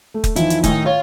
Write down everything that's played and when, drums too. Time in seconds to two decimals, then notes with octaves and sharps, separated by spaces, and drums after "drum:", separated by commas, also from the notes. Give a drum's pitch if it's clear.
0.14 A3
0.24 drum: kick, hi-hat
0.36 E2 D#3 F3 E4, drum: hi-hat
0.50 drum: hi-hat
0.64 A2 D#3 D#4 G#5, drum: kick, hi-hat
0.86 F4 C#5